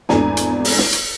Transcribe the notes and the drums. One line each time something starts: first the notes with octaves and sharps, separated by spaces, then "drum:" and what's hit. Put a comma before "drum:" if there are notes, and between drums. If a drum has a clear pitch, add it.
G#1 E2 A3 D4 G#5 A#5, drum: snare
drum: hi-hat
drum: open hi-hat
drum: snare
drum: hi-hat